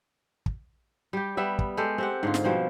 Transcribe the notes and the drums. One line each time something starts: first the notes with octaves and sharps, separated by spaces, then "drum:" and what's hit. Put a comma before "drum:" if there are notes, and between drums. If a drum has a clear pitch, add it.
drum: kick
G3 G4
G3 B3 E5
drum: kick
G#3 G4 A4
C4 G4 F#5
G#2 D3 F4
drum: snare
B2 F3 G3 C4